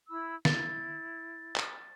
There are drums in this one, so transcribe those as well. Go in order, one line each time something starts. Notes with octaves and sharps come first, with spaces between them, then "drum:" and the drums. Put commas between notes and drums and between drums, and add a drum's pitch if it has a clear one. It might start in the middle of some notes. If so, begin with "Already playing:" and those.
E4 B5 E6
E4 A6, drum: snare
drum: clap